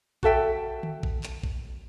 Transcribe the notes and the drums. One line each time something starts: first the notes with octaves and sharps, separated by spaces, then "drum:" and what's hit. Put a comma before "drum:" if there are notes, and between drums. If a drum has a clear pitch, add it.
F#4 A4 E5 G5, drum: kick A1
drum: tom D3
drum: kick A1
drum: clap
drum: kick A1